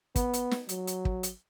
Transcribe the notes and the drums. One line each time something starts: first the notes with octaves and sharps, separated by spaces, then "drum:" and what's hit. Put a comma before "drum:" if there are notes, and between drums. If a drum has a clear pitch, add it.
B3, drum: kick, hi-hat
drum: hi-hat
drum: snare
F#3, drum: hi-hat
drum: hi-hat
drum: kick
drum: hi-hat